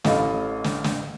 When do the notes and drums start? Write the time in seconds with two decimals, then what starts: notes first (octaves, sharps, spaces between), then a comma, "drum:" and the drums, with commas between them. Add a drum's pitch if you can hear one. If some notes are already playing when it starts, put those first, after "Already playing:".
0.04 A1 A4 D#5 F5 B5, drum: snare
0.64 drum: snare
0.84 drum: snare